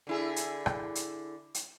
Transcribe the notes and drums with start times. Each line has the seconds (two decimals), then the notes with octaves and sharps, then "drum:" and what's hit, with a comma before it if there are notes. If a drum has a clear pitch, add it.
0.07 D3 E4 G#4
0.36 drum: hi-hat
0.66 drum: rim click
0.95 drum: hi-hat
1.54 drum: hi-hat